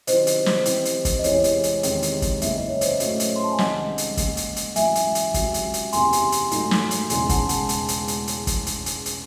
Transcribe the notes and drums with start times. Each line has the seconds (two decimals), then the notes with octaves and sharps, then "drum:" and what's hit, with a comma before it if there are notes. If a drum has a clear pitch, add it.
0.07 C3 D#3 F#3 C#4 E4 C5 D#5, drum: hi-hat
0.27 drum: hi-hat
0.46 drum: snare
0.65 C3 E3 C4 E4, drum: hi-hat
0.85 drum: hi-hat
1.05 drum: kick, hi-hat
1.19 D#5
1.24 E2 C3 E3 G#3 C#5, drum: hi-hat
1.44 drum: hi-hat
1.63 drum: hi-hat
1.83 E2 C3 D#3 G#3 C4, drum: hi-hat
2.02 drum: hi-hat
2.22 drum: kick, hi-hat
2.42 F#1 E2 C#3 E5, drum: hi-hat
2.55 D#5
2.68 C#5
2.81 C5 D#5, drum: hi-hat
3.00 A2 F#3 A3 C#4 F#4, drum: hi-hat
3.20 drum: hi-hat
3.36 C6
3.44 A5
3.52 G#5
3.58 C2 C3 D#3 G#3 C#4 D#5 F#5, drum: snare
3.98 drum: hi-hat
4.17 D#2 C#3 G#3, drum: kick, hi-hat
4.37 drum: hi-hat
4.56 drum: hi-hat
4.76 G#1 F#2 E3 E5 G#5, drum: hi-hat
4.95 drum: hi-hat
5.15 drum: hi-hat
5.34 C#2 C3 F#3 C4, drum: kick, hi-hat
5.54 drum: hi-hat
5.74 drum: hi-hat
5.93 F#1 E2 C3 G#5 C6, drum: hi-hat
6.13 drum: hi-hat
6.32 drum: hi-hat
6.51 G#1 G#2 F#3 A3 D#4, drum: hi-hat
6.71 drum: snare
6.91 drum: hi-hat
7.10 E1 E2 C#3 G#3 G#5 C6, drum: hi-hat
7.29 F#5 A5, drum: kick, hi-hat
7.49 F#5 A5, drum: hi-hat
7.69 drum: hi-hat
7.88 drum: hi-hat
8.08 drum: hi-hat
8.27 drum: hi-hat
8.47 drum: kick, hi-hat
8.66 drum: hi-hat
8.86 drum: hi-hat
9.06 drum: hi-hat